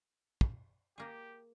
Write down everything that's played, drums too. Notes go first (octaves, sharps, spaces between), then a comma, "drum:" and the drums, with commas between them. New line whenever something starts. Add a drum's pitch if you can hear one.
drum: kick
A#3 G4 G#4